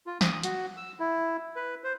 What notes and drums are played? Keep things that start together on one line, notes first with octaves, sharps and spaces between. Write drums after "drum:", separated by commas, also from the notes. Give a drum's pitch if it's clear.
F4
D#6, drum: snare
F#4, drum: hi-hat
E6
E4
B4
C5